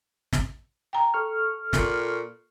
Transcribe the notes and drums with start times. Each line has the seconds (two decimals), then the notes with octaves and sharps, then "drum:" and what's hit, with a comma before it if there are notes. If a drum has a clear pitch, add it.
0.33 drum: snare
0.93 G5 A#5
1.14 A4 C#6 F6
1.73 A#2, drum: snare